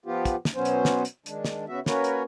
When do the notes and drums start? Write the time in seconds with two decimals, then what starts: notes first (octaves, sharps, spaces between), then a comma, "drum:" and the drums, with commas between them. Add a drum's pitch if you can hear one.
0.06 F3 B3 F4 G4
0.25 drum: kick, hi-hat
0.45 drum: snare
0.55 B2 F#3 B3 C#4 C5
0.65 drum: hi-hat
0.85 drum: snare
1.05 drum: hi-hat
1.26 D#3 G#3 D4, drum: hi-hat
1.45 drum: snare
1.68 C#3 B3 F#4 E5
1.86 A#3 C#4 F#4 A#4 B4 C#5, drum: snare
2.04 drum: hi-hat